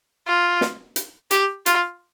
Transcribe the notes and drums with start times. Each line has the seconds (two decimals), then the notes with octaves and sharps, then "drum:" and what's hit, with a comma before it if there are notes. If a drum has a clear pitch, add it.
0.27 F4
0.61 drum: snare
0.96 drum: hi-hat
1.31 G4, drum: hi-hat
1.66 F4, drum: hi-hat